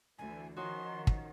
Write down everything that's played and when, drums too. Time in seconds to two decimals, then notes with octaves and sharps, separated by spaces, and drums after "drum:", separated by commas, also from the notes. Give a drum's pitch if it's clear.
0.18 D2 E3 G#5
0.57 D#3 F3 C#4 D#4 F#4 C6
1.07 drum: kick